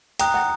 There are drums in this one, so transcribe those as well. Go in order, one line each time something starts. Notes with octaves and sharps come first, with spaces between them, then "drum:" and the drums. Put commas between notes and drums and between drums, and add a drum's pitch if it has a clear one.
G5 A#5 D#6 F#6, drum: hi-hat
F#5